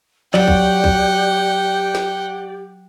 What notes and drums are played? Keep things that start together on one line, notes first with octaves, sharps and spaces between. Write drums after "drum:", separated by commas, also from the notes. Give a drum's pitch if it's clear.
F#3 F#4 G4 D5 F#5 G5, drum: clap
drum: kick
drum: kick
drum: snare